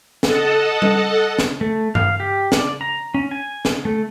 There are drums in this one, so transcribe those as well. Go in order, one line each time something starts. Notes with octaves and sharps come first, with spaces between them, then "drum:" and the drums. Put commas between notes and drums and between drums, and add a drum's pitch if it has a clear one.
A4 D#5 F#5 A5, drum: snare
drum: tom G3
drum: snare
A3
F5, drum: tom G2
G4
D5, drum: snare
A#5
C#4
G#5
drum: snare
A3